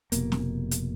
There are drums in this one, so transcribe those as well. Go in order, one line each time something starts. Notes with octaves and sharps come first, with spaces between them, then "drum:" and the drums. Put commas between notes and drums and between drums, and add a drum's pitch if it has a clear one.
F1 B2 A#3, drum: hi-hat
drum: snare
drum: hi-hat